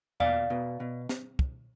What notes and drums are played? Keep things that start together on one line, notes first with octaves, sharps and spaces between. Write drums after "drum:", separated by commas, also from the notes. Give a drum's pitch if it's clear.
B2 D5 F5, drum: tom E2
B2
B2
drum: snare
drum: kick